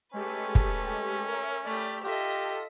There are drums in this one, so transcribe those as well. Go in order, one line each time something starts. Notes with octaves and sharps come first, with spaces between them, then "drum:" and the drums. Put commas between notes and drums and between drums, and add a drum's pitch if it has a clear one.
G#3 A3 C#4 G4 A4 B4
drum: kick
A#4 C#5 E5
A3 G4 D5 B5 F6
F4 G4 A4 D#5 E5 A#6